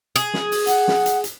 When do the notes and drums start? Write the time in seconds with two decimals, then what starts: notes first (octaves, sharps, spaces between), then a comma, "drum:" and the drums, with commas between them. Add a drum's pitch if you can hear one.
0.16 G#4, drum: hi-hat
0.34 drum: snare
0.52 drum: open hi-hat
0.67 F#5, drum: hi-hat
0.88 drum: snare
1.06 drum: hi-hat
1.24 drum: hi-hat